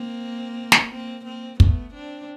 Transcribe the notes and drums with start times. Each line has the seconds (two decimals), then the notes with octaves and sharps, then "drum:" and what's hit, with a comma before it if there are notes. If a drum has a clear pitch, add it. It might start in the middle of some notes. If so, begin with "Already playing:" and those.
Already playing: A#3 C4
0.72 drum: snare
0.91 A#3 C4
1.25 A#3 C4
1.60 A3 B3, drum: kick
1.94 C4 D4